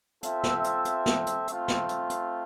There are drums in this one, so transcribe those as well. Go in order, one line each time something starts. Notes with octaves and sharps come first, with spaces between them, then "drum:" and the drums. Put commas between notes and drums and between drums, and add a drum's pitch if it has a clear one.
C4 F4 A4 E5, drum: hi-hat
drum: snare
drum: hi-hat
drum: hi-hat
drum: snare
drum: hi-hat
A3 C4 F4, drum: hi-hat
drum: snare
drum: hi-hat
drum: hi-hat